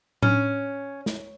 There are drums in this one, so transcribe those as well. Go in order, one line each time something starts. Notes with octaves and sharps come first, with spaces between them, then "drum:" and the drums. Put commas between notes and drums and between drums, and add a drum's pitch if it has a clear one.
C#4, drum: tom A2
drum: snare